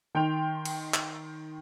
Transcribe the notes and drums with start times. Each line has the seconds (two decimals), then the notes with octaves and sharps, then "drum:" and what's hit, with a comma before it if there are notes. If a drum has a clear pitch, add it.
0.15 D#3 G5 C6 F7
0.65 drum: cymbal
0.94 drum: clap